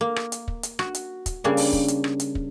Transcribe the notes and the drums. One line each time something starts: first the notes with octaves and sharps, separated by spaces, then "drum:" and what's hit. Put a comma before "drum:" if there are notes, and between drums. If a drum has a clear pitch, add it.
A#3
drum: rim click
drum: hi-hat
drum: kick
drum: hi-hat
F#4, drum: rim click
drum: hi-hat
drum: kick, hi-hat
C#3 G3 A#3 D4 C#5
drum: open hi-hat
drum: kick
drum: hi-hat
drum: rim click
drum: hi-hat
drum: kick